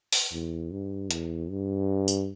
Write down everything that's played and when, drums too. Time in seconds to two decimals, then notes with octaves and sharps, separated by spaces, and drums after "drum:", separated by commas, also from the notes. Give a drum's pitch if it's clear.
0.13 drum: open hi-hat
0.32 E2
0.71 G2
1.11 E2, drum: hi-hat
1.50 G2
2.08 drum: tambourine